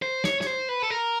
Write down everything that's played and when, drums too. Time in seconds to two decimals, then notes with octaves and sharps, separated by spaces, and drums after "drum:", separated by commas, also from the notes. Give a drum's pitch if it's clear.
0.02 C5
0.24 C#5, drum: snare
0.41 C#5, drum: snare
0.47 C5
0.69 B4
0.82 A4
0.90 A#4